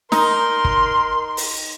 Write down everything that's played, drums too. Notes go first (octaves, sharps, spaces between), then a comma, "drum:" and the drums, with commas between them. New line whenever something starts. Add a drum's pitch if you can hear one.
D#4 A#4 C6, drum: snare
drum: kick
drum: open hi-hat